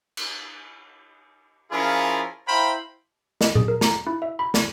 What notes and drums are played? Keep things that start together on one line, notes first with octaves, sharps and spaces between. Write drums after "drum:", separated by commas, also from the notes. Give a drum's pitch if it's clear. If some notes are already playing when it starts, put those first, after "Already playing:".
drum: cymbal
F3 C#4 E4 F4 G#4 A#4
E4 C5 F5 G5 A#5 B5
D#5, drum: snare
G#4, drum: tom A#2
A#4
A#5, drum: snare
E4
E5
B5
D5, drum: snare